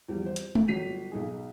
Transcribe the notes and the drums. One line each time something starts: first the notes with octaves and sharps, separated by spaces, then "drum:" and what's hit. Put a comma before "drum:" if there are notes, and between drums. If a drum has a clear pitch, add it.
E2 F3 G3
C5
drum: hi-hat
drum: tom G#3
G1 F#3 B6 C7 D#7 F7
B1 D#4 G#4